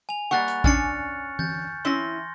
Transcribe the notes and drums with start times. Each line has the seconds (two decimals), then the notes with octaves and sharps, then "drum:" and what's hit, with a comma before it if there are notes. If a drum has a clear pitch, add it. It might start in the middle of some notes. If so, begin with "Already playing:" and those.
0.09 G#5 F7
0.31 G3 A#3 F#5 C#6 F#6 A6
0.48 drum: hi-hat
0.64 C#4 D4 G#5 F6 A6 C#7, drum: kick A1
1.39 G6 A6, drum: tom E3
1.85 C4 C#4 E4 C6 A#6